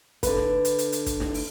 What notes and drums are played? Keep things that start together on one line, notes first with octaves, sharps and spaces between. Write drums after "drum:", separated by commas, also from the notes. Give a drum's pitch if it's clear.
D3 B4, drum: kick, hi-hat
drum: snare
drum: hi-hat
drum: hi-hat
drum: hi-hat
drum: kick, hi-hat
drum: snare
drum: open hi-hat